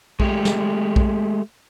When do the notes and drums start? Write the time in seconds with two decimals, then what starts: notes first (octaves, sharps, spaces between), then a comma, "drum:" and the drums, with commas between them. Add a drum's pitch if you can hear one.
0.20 G#3 A3 G4, drum: kick A#1
0.45 drum: snare
0.96 drum: kick A#1